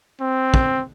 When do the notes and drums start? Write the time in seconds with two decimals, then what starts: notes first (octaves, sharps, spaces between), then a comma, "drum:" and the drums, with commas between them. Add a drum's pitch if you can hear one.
0.20 C4
0.54 drum: kick